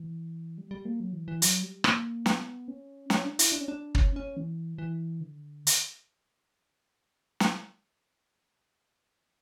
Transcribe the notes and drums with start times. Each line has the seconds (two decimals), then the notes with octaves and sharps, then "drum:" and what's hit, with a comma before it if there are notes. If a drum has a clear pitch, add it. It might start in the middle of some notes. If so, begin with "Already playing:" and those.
Already playing: E3
0.58 G3
0.71 G3
0.85 A#3
1.00 F#3
1.13 E3
1.28 E3
1.42 F#3, drum: hi-hat
1.63 G3
1.84 A#3, drum: rim click
2.26 B3, drum: snare
2.68 C#4
3.10 C#4, drum: snare
3.24 D4
3.39 E4, drum: hi-hat
3.52 D4
3.61 C#4
3.68 D4
3.95 C#4, drum: kick
4.16 C#4
4.37 E3
4.78 E3
5.21 D3
5.67 drum: hi-hat
7.40 drum: snare